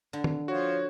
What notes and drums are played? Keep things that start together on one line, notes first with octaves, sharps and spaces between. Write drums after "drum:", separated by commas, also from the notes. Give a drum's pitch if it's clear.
D3
drum: tom
F3 F#4 C#5